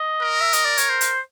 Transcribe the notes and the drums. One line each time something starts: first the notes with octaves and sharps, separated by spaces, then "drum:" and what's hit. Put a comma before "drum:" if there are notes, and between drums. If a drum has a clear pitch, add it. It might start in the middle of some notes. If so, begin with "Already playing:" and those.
Already playing: D#5
A#4
E5
D#5, drum: hi-hat
D5
C#5, drum: hi-hat
C5
drum: hi-hat